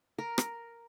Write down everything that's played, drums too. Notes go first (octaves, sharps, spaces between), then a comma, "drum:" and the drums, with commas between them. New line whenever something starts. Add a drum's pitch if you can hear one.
A#4
drum: rim click